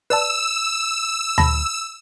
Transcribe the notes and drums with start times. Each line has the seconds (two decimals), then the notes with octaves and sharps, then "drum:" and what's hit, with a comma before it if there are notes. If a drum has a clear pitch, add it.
0.10 B4 D5 A5 E6
1.38 A5 B5 A#6, drum: tom D2